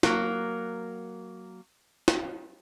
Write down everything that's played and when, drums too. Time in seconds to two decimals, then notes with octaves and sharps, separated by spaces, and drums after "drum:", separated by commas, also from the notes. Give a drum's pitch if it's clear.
0.03 F#3 A#3, drum: snare
2.08 drum: snare